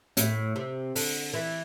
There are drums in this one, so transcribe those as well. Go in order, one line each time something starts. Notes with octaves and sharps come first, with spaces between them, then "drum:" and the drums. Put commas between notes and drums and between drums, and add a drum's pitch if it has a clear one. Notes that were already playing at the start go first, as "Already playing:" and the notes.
A2, drum: hi-hat
C3
D3, drum: open hi-hat
E3